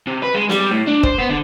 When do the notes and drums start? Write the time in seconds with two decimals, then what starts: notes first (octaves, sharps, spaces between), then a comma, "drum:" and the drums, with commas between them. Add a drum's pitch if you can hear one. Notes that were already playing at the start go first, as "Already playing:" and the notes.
0.07 C3
0.23 B4
0.35 G#3
0.50 G3, drum: snare
0.71 A2
0.87 D4
1.03 C5, drum: kick
1.18 B3
1.29 D3